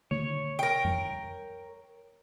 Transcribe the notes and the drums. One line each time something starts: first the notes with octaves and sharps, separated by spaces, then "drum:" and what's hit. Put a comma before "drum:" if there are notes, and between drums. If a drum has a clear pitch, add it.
C#5, drum: tom D3
A#4 G5
drum: tom F2